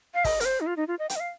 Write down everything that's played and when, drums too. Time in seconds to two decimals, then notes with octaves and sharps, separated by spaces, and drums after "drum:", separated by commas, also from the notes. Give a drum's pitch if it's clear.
0.14 F5
0.25 D#5, drum: kick, open hi-hat
0.40 A#4, drum: hi-hat
0.45 C5
0.60 D#4
0.66 F4
0.77 D#4
0.88 F4
0.99 D#5
1.09 G5, drum: hi-hat
1.16 D#5
1.20 F5